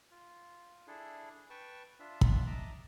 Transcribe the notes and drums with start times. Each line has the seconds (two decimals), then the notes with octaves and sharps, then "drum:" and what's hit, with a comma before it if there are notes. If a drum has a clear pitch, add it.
0.11 F4
0.87 D4 E4 G#4 A4
1.50 B4 G5 A5 C#6
2.00 D4 F4 E5
2.21 drum: kick
2.47 D#5 E5 A5 A#5 D6